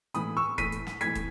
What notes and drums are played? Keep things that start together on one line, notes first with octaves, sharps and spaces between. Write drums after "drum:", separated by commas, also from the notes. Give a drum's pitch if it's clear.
A2 E3 B5 D#6, drum: hi-hat
C#6 E6
A2 E3 B6 D#7, drum: kick, hi-hat
drum: hi-hat
drum: snare
A2 E3 G#6 B6, drum: hi-hat
drum: kick, hi-hat